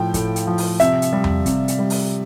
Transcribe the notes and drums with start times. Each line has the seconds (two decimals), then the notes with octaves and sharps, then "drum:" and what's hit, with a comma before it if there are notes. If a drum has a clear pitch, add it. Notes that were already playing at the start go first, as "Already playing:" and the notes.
Already playing: A2 F3 G5
0.14 A2, drum: kick, hi-hat
0.36 drum: hi-hat
0.47 F3
0.58 drum: open hi-hat
0.80 C3 E5, drum: hi-hat
1.02 drum: hi-hat
1.13 G3
1.24 drum: tom E2
1.46 C3, drum: kick, hi-hat
1.68 drum: hi-hat
1.79 G3
1.90 drum: open hi-hat